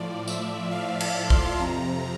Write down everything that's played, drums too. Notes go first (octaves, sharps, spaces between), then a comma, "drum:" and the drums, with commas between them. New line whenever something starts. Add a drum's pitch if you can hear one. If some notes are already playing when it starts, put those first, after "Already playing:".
Already playing: A2 F3 D5
E5, drum: tambourine
F5
A5, drum: cymbal
C6, drum: kick B1
F2 C3 F3 A#5